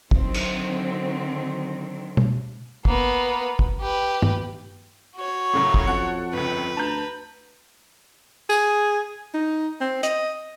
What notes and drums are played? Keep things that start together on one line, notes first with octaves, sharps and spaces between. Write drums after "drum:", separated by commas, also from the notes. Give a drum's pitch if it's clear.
D3 D#3 F#3 C4, drum: kick
drum: cymbal
drum: tom B2
A#3 B3, drum: kick
drum: kick
G4 B4
drum: tom G2
F#4 C#5
F#2 A2 C#3 F#3
drum: kick
F2 A4 F#5 C#7
G1 C#2 B4
D2 A5 A#5 G6
G#4, drum: tambourine
D#4
C4
D#5, drum: hi-hat